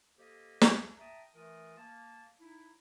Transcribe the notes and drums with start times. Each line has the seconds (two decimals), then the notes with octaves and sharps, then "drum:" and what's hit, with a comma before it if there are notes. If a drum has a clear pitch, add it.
0.18 A#3 G4 A4 C5 D#5
0.61 drum: snare
0.97 E5 G5 A5 A#5 D#6
1.35 E3 A3 F4 A#4 D#6
1.77 A#3 A5
2.40 D#4 E4